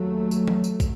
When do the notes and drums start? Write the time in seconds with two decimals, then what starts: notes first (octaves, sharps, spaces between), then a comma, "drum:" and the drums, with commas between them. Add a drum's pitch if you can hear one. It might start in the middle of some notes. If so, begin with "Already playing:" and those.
Already playing: D#2 F#3 A3
0.31 drum: tambourine
0.48 drum: tom E3
0.64 drum: tambourine
0.80 drum: kick, tambourine